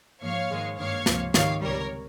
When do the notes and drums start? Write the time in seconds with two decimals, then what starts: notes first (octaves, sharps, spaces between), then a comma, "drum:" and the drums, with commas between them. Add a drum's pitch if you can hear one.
0.22 G#2 F3 A#3 C#5 F5
0.50 G#2 D#3 G#3
0.77 G2 D#3 A#3 C#5 F5
1.06 C#2 C3 F3 A#3, drum: snare
1.34 G#2 D#3 G3 C#5 F5, drum: snare
1.62 C#2 C3 G3 A#4 C#5